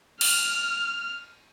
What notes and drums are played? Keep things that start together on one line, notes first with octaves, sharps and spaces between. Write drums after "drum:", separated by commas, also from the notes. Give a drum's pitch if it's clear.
F6, drum: cymbal